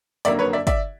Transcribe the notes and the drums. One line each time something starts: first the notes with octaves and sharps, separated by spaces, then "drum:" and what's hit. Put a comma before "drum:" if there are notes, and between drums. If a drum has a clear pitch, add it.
F2 D3 F#3 A#3 D5 E5, drum: hi-hat
B4 C#5
D5 E5
D5 E5, drum: kick, hi-hat